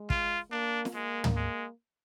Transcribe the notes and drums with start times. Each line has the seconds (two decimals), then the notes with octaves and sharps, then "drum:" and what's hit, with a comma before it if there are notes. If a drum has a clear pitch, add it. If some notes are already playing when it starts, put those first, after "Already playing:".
Already playing: G#3
0.10 F4, drum: kick
0.51 A#3 D4
0.85 drum: snare
0.94 G#3 A#3
1.24 drum: tom
1.36 G#3